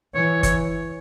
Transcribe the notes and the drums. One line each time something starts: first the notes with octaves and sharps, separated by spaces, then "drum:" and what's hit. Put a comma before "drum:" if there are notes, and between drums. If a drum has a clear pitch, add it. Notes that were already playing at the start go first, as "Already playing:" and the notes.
E3 C#5
C#5, drum: kick, hi-hat